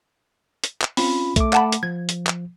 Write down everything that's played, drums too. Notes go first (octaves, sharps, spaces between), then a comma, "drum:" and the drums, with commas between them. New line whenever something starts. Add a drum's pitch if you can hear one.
drum: hi-hat
drum: clap
C4 C#4 F4 B5, drum: open hi-hat
A3 D6, drum: kick B1, hi-hat
F#5 A5 B5, drum: clap
drum: hi-hat
F3 G#6
drum: hi-hat
drum: clap